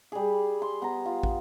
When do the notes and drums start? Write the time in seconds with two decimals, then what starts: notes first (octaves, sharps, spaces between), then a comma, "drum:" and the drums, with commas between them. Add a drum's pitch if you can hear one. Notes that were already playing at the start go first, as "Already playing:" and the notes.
0.12 G3 G#4
0.62 C6
0.82 B3 A#5
1.06 F4
1.23 drum: kick